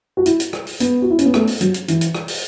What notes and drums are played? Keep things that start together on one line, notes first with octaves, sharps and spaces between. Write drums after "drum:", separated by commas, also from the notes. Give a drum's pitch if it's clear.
F#4
E4, drum: hi-hat
drum: hi-hat
drum: rim click
drum: open hi-hat
B3, drum: hi-hat
F#4
E4
C#4, drum: hi-hat
B3
A3, drum: rim click
drum: open hi-hat
F#3, drum: hi-hat
drum: hi-hat
E3, drum: hi-hat
drum: hi-hat
drum: rim click
drum: open hi-hat